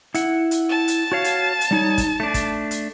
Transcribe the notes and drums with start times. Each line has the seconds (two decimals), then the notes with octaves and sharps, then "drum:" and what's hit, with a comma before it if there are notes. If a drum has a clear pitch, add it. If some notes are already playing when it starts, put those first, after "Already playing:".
0.14 E4 F#5, drum: hi-hat
0.51 drum: hi-hat
0.69 A5
0.88 drum: hi-hat
1.12 F#4 C#5 F5
1.24 drum: hi-hat
1.61 drum: hi-hat
1.71 G3 D#4 C#5
1.98 drum: kick, hi-hat
2.20 A3 D4
2.34 drum: kick, hi-hat
2.71 drum: hi-hat